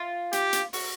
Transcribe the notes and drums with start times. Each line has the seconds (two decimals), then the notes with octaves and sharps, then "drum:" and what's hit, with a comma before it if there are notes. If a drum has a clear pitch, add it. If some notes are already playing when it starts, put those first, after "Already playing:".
Already playing: F4
0.33 G4, drum: hi-hat
0.53 drum: hi-hat
0.73 F#4, drum: open hi-hat